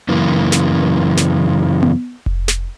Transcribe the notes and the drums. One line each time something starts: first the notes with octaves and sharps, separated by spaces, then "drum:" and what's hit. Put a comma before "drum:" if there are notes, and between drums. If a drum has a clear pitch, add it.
F#2 C#3 E3 A#3
drum: snare
drum: snare
drum: tom B3
drum: kick F1
drum: snare